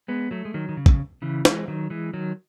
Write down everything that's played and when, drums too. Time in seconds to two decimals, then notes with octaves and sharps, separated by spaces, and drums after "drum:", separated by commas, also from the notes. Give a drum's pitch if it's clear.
0.08 G#3 B3
0.31 F#3 A3
0.45 G#3
0.54 D#3 F#3
0.69 D#3
0.77 C#3
0.86 drum: kick
1.22 C#3 E3
1.45 E3 G#3, drum: snare
1.68 D#3 F#3
1.90 E3 G#3
2.13 D#3 F#3